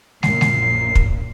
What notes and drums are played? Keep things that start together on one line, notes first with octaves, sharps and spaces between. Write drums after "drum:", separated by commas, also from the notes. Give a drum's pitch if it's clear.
A#1 F#2 A#2 C7, drum: snare
drum: snare
drum: kick